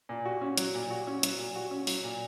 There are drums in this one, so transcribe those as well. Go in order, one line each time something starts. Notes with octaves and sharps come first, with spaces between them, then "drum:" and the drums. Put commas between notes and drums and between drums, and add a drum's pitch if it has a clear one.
A#2
F#4
C#4
F#3, drum: hi-hat
A#2
F#4
C#4
F#3, drum: hi-hat
A#2
F#4
C#4
F#3, drum: open hi-hat
A#2